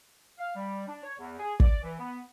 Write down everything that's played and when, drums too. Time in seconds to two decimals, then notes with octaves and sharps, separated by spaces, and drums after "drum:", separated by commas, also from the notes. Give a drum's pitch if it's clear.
0.39 F5
0.56 G3
0.87 D4
1.03 C#5
1.19 E2
1.39 G#4
1.60 D5, drum: kick
1.83 E3
2.00 B3